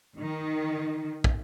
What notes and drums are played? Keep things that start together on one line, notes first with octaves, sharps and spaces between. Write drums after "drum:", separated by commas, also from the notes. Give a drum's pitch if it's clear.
D#3
drum: kick